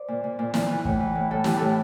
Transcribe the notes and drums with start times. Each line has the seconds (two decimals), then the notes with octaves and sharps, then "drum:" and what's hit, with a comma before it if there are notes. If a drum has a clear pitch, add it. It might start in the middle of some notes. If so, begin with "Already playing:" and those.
Already playing: C5 D5
0.08 A#2
0.24 A#2
0.39 A#2
0.54 A#2, drum: snare
0.70 E3
0.85 A2, drum: kick
1.00 E3
1.15 A2
1.30 A2 A4
1.44 E3 G4, drum: snare
1.57 A2 A4